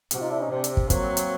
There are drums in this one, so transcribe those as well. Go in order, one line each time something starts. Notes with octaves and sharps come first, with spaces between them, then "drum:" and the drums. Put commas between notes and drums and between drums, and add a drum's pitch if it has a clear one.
C3 F#4, drum: hi-hat
D#4 F4
D4 E4
C#4 D#4
C3 C4 D4
drum: hi-hat
drum: kick
F#3 A#3 C4, drum: kick, hi-hat
drum: hi-hat